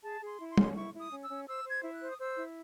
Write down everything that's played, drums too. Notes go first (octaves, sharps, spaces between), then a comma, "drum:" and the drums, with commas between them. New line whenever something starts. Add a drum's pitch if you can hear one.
G#4 A5
G#4
C6
E4
C6
C#4, drum: tom
E4 C#6
E4
D#6
C#4
E6
C#4
C5 E6
C5
G#6
E4
F#6
C5
D#6
C5 E6
E4